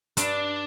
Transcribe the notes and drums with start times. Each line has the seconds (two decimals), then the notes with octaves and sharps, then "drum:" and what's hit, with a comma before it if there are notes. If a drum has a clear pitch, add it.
0.17 G2 D4, drum: hi-hat